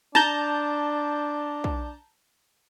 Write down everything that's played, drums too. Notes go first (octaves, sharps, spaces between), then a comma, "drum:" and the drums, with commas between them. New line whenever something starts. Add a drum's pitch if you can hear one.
D4 A5 A#5 G6, drum: snare
drum: kick